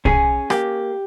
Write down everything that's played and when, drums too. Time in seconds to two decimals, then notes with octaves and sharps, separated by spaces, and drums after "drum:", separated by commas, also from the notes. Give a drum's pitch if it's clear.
0.05 C#4 G#4, drum: kick B1
0.50 A#3 G4, drum: rim click